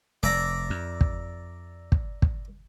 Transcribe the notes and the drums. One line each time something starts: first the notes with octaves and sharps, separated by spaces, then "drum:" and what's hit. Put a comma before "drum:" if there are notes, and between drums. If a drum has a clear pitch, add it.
F1 D5 E5 A#5
F2
drum: kick
drum: kick
drum: kick